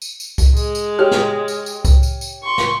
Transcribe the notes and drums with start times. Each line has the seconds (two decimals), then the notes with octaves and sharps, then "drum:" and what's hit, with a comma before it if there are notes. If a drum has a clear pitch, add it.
0.02 drum: tambourine
0.20 drum: tambourine
0.38 drum: kick C2, tambourine
0.56 G#3, drum: tambourine
0.75 drum: tambourine
0.99 G4 C#5 F6
1.11 drum: snare
1.48 drum: tambourine
1.66 drum: tambourine
1.85 drum: kick C2, tambourine
2.03 drum: tambourine
2.21 drum: tambourine
2.43 C6 C#6
2.58 drum: snare